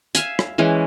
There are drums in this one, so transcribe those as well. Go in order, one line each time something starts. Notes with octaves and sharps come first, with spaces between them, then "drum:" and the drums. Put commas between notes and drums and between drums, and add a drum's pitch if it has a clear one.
E5 F5 G#5, drum: hi-hat
drum: rim click
E3 G#3 C#4 E4